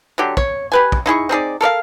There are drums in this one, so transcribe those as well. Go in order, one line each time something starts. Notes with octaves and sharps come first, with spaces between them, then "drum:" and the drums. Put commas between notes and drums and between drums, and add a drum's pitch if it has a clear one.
D3 F#3 G4
C#5, drum: kick
G4 B4 G#5
drum: kick
D#4 E4 G#4 C#6
C4 D#4 G#4 D5
A4 A#4 D5 F5